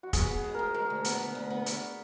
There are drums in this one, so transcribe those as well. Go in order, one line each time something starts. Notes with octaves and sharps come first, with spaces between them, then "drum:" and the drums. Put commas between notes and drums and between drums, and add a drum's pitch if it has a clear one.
F#4
B3 G#4, drum: kick F1, hi-hat
B3 G#4
G#3
D2 A#4
G#3 A#4
D2
B3, drum: hi-hat
B3
D2
B3
B3, drum: hi-hat